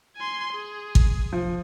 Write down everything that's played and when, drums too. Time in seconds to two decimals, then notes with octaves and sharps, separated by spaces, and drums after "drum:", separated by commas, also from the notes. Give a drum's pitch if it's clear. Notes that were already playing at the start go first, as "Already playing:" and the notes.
0.16 G#5 C6
0.53 G#4
0.95 drum: kick
1.33 F3